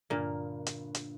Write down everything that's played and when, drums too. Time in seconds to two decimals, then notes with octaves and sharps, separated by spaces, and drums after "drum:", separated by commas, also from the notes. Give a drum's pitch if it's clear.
0.10 G1 G2 A#2 D3 A#3
0.67 drum: hi-hat
0.95 drum: hi-hat